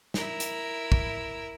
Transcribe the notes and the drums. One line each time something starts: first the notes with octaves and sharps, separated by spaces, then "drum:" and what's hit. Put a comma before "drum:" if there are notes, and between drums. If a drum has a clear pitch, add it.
E4 A#4, drum: snare
drum: hi-hat
drum: kick